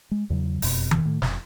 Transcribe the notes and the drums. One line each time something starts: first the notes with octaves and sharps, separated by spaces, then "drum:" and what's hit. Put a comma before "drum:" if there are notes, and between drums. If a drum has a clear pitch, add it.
G#3
E2 C#3 F#3
E1 F2 B2, drum: open hi-hat
drum: tom D#3
A2
F1, drum: snare